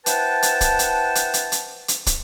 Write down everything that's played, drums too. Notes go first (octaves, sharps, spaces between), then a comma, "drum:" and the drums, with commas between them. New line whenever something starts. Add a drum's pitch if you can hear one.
E4 B4 C5 F#5 G5 A5, drum: hi-hat
drum: hi-hat
drum: kick, hi-hat
drum: hi-hat
drum: hi-hat
drum: hi-hat
drum: hi-hat
drum: hi-hat
drum: kick, hi-hat